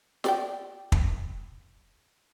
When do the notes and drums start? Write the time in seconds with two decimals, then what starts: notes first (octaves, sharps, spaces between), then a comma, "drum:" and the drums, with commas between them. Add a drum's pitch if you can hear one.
0.24 G4 D5 G5, drum: snare
0.92 drum: kick